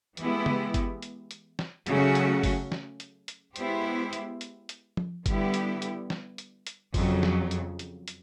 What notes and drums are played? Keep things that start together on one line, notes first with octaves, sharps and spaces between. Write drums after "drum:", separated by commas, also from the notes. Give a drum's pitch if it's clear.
E3 G#3 B3 E4 G4, drum: hi-hat
drum: tom C#3
drum: kick G1, hi-hat
drum: hi-hat
drum: hi-hat
drum: snare
C#3 F#3 A3 C#4 F#4, drum: hi-hat
drum: hi-hat
drum: kick G1, open hi-hat
drum: snare
drum: hi-hat
drum: hi-hat
G#3 B3 E4 G4 C5, drum: hi-hat
drum: hi-hat
drum: hi-hat
drum: hi-hat
drum: tom F3
D3 G3 B3 E4 G4, drum: kick G1, hi-hat
drum: hi-hat
drum: hi-hat
drum: snare
drum: hi-hat
drum: hi-hat
F2 C#3 F#3, drum: kick G1, open hi-hat
drum: snare
drum: hi-hat
drum: hi-hat
drum: hi-hat